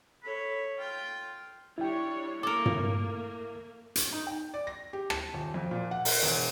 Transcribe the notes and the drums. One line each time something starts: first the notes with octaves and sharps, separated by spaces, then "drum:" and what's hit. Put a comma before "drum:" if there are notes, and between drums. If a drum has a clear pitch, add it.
A4 C#5 B5
F4 G5
G3 D4 E4 C#5 G5
A3 A#3 A4 A#4 D6
drum: tom
drum: hi-hat
D#4
G5
D5
A#6
G4
A5, drum: rim click
D#1
F2
A#2
F#5
A#4, drum: open hi-hat
E1